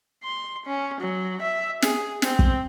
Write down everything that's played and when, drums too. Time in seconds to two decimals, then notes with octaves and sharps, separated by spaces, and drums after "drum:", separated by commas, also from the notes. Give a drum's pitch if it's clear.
0.24 C6
0.66 C#4
1.01 F#3
1.42 E5
1.82 G#4, drum: snare
2.22 C4, drum: snare
2.39 drum: kick